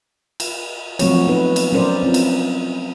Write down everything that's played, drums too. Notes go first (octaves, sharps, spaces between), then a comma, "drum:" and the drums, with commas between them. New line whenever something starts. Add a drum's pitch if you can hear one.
drum: cymbal
F3 F#3 A3 C4 F#4 C#5, drum: cymbal
B3 D#4 B4
drum: cymbal
F#3 C#4 A#4 C5 D5
C4 F4
drum: cymbal